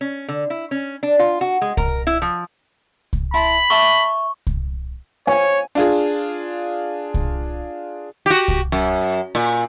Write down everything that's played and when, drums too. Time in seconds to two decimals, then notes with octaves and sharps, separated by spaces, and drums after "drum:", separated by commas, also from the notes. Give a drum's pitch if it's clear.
0.01 C#4
0.28 D3
0.50 E4
0.71 C#4
1.03 D4
1.19 F4
1.41 F#4
1.62 G#3
1.77 A#4, drum: kick C2
2.07 E4
2.22 F3
3.13 drum: kick C2
3.34 E4 A5 B5 C6
3.70 E5 A5 C#6 D6
4.47 drum: kick C2
5.27 C#5 G#5
5.75 D4 F4 G#4
7.14 drum: kick C2
8.26 F#4 G4
8.48 drum: kick C2
8.72 F#2
9.35 A#2